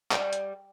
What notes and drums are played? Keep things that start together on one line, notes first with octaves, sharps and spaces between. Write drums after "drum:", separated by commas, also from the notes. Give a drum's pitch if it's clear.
G3, drum: clap
drum: hi-hat